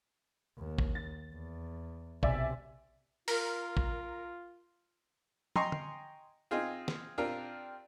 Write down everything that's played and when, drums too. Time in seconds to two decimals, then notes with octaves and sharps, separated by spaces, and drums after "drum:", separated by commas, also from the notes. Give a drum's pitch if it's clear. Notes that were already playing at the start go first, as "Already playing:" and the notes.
0.57 D#2
0.79 drum: kick A1
0.95 A6
1.32 E2
2.23 B1 C3 D5 E5 G#5, drum: kick A1
3.28 F4 A#4, drum: open hi-hat
3.77 drum: kick A1
5.56 D#5 G5 G#5 A#5 C6 C#6, drum: tom
5.72 drum: tom D3
6.51 C4 F4 G#4 D#5
6.88 drum: snare
7.18 C4 D4 F4 G4 A#4